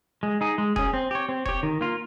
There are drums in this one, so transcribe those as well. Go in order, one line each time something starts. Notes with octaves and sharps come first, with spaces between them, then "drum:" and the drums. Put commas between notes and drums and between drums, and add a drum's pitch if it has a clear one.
G#3
D#4 G#4
G#3
C#4 G#4, drum: kick E1
C4
G4 C#5
C4
G4 C#5, drum: kick E1
D#3
A#3 F4